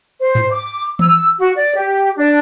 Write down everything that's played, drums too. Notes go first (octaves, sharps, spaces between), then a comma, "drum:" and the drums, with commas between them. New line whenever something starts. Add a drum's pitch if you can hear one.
C5
drum: tom G#2
D6
E6, drum: tom E3
F#4
D5
G4
D4